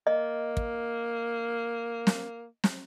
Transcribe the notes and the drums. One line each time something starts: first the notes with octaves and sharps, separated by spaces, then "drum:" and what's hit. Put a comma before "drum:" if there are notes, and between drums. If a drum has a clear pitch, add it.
A#3 D#5
drum: kick
drum: snare
drum: snare